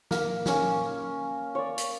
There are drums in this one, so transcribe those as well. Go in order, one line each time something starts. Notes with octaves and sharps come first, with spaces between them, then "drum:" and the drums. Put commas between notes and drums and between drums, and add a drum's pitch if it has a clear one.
A#3, drum: snare
A#3 C#4, drum: snare
C#5 D5
drum: hi-hat